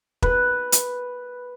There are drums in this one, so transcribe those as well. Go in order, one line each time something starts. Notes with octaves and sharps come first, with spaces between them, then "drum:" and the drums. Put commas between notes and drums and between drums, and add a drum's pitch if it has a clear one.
B4, drum: kick
drum: hi-hat